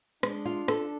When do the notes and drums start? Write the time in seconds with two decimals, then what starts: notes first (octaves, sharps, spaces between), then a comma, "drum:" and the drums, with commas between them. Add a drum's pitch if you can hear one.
0.23 G#3 D4, drum: rim click
0.45 F4
0.68 A4, drum: rim click